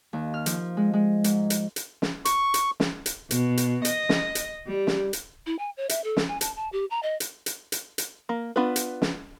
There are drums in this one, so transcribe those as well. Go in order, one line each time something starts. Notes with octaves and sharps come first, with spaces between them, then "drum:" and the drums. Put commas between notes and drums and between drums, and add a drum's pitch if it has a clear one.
D#2
F6
F3, drum: hi-hat
G#3
G#3
G#2, drum: hi-hat
drum: hi-hat
drum: hi-hat
drum: snare
C#6, drum: hi-hat
drum: hi-hat
drum: snare
drum: hi-hat
B2, drum: hi-hat
drum: hi-hat
D#5, drum: hi-hat
drum: snare
drum: hi-hat
G3
drum: snare
drum: hi-hat
E4
G#5
C#5
E5, drum: hi-hat
A4
drum: snare
G#5
A5, drum: hi-hat
A5
G4
A#5
D#5
drum: hi-hat
drum: hi-hat
drum: hi-hat
drum: hi-hat
A#3
B3 D4 F4 B4
drum: hi-hat
drum: snare